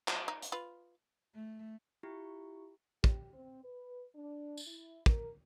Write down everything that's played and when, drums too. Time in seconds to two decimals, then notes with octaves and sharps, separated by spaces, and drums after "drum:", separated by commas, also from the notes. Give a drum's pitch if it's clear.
0.08 F#3, drum: clap
0.28 D#4
0.42 drum: hi-hat
0.52 F4 B4
1.34 A3
2.03 E4 F4 G4 C#6
3.04 G4, drum: kick
3.33 C4
3.64 B4
4.15 D4
4.57 drum: tambourine
4.67 E4
5.06 A#4, drum: kick